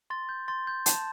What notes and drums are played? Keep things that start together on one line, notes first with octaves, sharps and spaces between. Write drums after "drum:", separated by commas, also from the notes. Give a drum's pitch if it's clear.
C6 A6
G6
C6 A6
G6
A5, drum: hi-hat